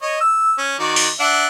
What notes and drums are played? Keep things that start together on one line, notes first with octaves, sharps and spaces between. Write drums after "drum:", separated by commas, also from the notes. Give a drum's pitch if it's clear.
C#5 D#5
E6
C#4
D#3 F#4 D5
drum: open hi-hat
D4 E5 F#5